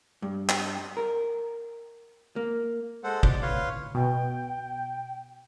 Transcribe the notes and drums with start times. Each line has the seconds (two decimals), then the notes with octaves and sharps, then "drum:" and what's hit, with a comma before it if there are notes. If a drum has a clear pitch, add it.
0.22 G2
0.49 drum: clap
0.97 A#4
2.36 A#3
3.04 G#3 A4 C5 F#5
3.23 D5, drum: kick
3.42 B4 C#5 F5 C6
3.95 B2 G5